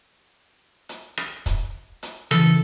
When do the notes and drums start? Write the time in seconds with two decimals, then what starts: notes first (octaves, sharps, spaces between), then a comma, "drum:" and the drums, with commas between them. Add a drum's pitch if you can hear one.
0.89 drum: hi-hat
1.18 drum: rim click
1.46 drum: kick, hi-hat
2.03 drum: hi-hat
2.31 C#3 E3 A4, drum: rim click